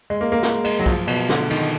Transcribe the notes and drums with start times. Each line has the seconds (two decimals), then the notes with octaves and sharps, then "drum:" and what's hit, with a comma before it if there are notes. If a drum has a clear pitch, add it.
0.10 G#3
0.21 A#3
0.32 A#3
0.43 drum: snare
0.64 G#3, drum: cymbal
0.79 F#3
0.86 F3, drum: kick
1.07 B2, drum: cymbal
1.29 D3, drum: snare
1.50 D#3, drum: cymbal